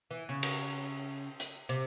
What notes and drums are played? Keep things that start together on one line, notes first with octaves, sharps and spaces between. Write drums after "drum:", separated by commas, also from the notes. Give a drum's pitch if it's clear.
E3
C#3
drum: cymbal
drum: hi-hat
C3